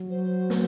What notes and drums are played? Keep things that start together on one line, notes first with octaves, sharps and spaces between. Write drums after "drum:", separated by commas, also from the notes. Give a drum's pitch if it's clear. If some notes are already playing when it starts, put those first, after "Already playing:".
Already playing: F#3
C5
drum: snare